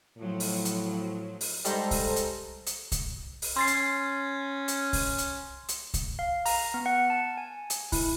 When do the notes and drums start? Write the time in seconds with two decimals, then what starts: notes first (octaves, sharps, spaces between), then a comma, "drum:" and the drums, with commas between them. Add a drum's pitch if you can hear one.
0.18 A2 F3 F#3
0.40 drum: open hi-hat
0.65 drum: hi-hat
1.41 drum: open hi-hat
1.65 G#2 G3 A4 C5 A#5, drum: hi-hat
1.91 drum: kick C2, open hi-hat
2.16 drum: hi-hat
2.66 drum: hi-hat
2.92 drum: kick C2, hi-hat
3.42 drum: open hi-hat
3.56 C#4 C6 A6 C7
3.67 drum: hi-hat
4.68 drum: hi-hat
4.93 drum: kick C2, open hi-hat
5.18 drum: hi-hat
5.68 drum: hi-hat
5.94 drum: kick C2, hi-hat
6.19 F5
6.46 A#5, drum: open hi-hat
6.74 B3
6.86 F#5
7.10 A5
7.38 G#5
7.70 drum: hi-hat
7.92 E4, drum: kick C2, open hi-hat